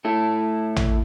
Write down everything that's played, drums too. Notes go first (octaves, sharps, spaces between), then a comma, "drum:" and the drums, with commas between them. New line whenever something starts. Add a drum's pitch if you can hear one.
A3 E4 A4
drum: tom A1